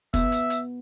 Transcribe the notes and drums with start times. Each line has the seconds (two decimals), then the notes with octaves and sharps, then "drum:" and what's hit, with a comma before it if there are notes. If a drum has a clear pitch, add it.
0.14 B3 E5, drum: kick, hi-hat
0.32 drum: hi-hat
0.50 drum: hi-hat